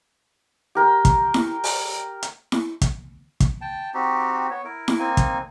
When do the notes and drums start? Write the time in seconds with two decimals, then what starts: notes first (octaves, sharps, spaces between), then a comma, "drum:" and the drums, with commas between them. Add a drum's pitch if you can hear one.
0.75 G4 A#4 G5
1.05 drum: kick, hi-hat
1.34 drum: snare E4
1.64 drum: open hi-hat
2.23 drum: hi-hat
2.52 drum: snare E4
2.81 drum: kick, hi-hat
3.40 drum: kick, hi-hat
3.61 G5 A5
3.94 C4 D#4 F#4 G4
4.50 B3 C#5
4.64 E4 A#4
4.88 drum: snare E4
4.98 A#3 C4 D#4 G#5
5.17 drum: kick, hi-hat